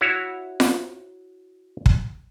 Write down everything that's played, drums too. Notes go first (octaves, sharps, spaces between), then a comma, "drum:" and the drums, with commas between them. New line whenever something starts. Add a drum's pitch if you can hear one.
E4 F#4 C#5
drum: snare F4
drum: kick